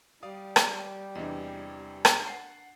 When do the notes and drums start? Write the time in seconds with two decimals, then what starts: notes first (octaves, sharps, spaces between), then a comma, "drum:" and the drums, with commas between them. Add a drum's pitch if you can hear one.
0.23 G3 D5 F5 D#6
0.56 drum: rim click
1.15 E2 C3 E3 D4 D#5
2.05 drum: rim click
2.28 F#5 G#5 A6 C7